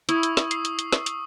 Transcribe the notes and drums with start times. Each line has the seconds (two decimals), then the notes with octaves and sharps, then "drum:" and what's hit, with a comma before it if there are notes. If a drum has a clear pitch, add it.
0.09 E4 C#6 D#6 E6, drum: hi-hat
0.23 drum: hi-hat
0.37 drum: snare
0.51 C7, drum: hi-hat
0.65 drum: hi-hat
0.79 drum: hi-hat
0.93 drum: snare
1.06 drum: hi-hat